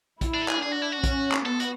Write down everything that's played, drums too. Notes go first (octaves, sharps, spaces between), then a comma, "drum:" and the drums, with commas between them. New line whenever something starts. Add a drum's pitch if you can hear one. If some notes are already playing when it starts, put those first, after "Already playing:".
E4, drum: kick A#1, hi-hat
D4
A4
G#4, drum: clap
D4 G#4
F#4
E4
F#4
C#4, drum: kick A#1, hi-hat
drum: clap
B3 A4
F#4, drum: hi-hat